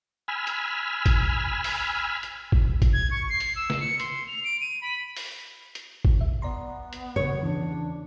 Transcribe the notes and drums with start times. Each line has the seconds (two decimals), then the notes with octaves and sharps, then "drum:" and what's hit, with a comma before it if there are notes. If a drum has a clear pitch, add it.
0.28 G#5 B5 E6 F6
0.47 drum: hi-hat
1.06 drum: kick G#1, hi-hat
1.64 drum: open hi-hat
2.23 drum: hi-hat
2.52 drum: kick G#1
2.82 drum: kick G#1, hi-hat
2.93 G#6
3.11 C#6
3.30 C7
3.40 drum: hi-hat
3.56 E6
3.70 drum: snare
3.80 C#7
4.00 C6, drum: hi-hat
4.27 F7
4.44 D7
4.61 D#7
4.81 B5
5.17 drum: open hi-hat
5.75 drum: hi-hat
6.05 drum: kick G#1
6.21 E5
6.42 B3 D5 A#5 C6
6.93 drum: hi-hat
7.16 G#1 F#2 C#3 C#5
7.43 E2 C#3 E3 D4